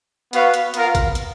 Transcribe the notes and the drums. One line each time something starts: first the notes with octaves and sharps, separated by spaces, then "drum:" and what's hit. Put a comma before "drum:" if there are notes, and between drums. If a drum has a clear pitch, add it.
B3 F#4 B4 F5, drum: hi-hat
drum: hi-hat
B3 F4 A#4 F5, drum: hi-hat
drum: kick, hi-hat
drum: hi-hat